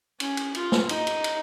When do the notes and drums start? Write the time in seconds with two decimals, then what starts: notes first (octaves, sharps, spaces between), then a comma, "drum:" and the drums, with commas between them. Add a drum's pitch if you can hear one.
0.20 C#4, drum: cymbal
0.37 drum: cymbal
0.55 F4, drum: cymbal
0.72 drum: snare
0.89 D#4, drum: cymbal
1.07 drum: cymbal
1.24 drum: cymbal